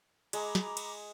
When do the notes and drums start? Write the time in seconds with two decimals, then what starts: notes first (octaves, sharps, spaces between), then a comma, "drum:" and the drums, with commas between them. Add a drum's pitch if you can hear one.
0.33 G#3 A#5 B5 D6, drum: cymbal
0.55 drum: snare
0.77 drum: cymbal